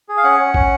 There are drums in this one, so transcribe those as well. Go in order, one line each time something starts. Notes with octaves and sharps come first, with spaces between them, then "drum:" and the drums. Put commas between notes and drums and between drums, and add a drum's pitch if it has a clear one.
G#4
F5
C#4 F#5
C#4
C#4, drum: kick